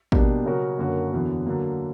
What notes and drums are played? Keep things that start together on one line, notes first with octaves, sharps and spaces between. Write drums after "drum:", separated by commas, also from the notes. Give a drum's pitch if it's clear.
B2 G3 A#3 D4 G4, drum: kick
C#3 F#3 C#4 F#4 A#4
F#2 D3 A#3 C#4 F#4
E2 D3 F#3 B3
D3 F#3 A#3